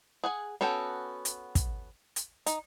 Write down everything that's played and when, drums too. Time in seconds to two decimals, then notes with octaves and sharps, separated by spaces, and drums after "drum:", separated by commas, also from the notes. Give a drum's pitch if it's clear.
0.24 G#4 F#5 G#5
0.61 B3 C#4 F#4 A4 G5
1.25 drum: hi-hat
1.55 drum: kick, hi-hat
2.16 drum: hi-hat
2.46 D#4, drum: hi-hat